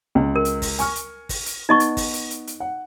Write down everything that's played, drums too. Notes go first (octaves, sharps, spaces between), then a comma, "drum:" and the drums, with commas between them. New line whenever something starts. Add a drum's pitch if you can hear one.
C#2
A#4
drum: hi-hat
drum: kick, open hi-hat
G#5 C#6 F6, drum: hi-hat
drum: hi-hat
drum: kick, open hi-hat
drum: hi-hat
B3 D#4 D#5 C#6
drum: hi-hat
drum: kick, open hi-hat
drum: hi-hat
drum: hi-hat
drum: hi-hat
F#5